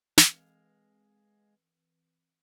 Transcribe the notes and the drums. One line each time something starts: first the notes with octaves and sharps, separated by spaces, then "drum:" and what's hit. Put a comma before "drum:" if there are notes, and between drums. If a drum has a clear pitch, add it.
E3 G#3 C4 B4 F5, drum: snare